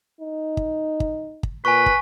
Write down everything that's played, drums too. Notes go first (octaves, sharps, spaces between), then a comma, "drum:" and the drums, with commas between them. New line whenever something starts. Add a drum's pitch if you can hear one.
D#4
drum: kick
drum: kick
drum: kick
A#2 B4 G#5 C#6
drum: kick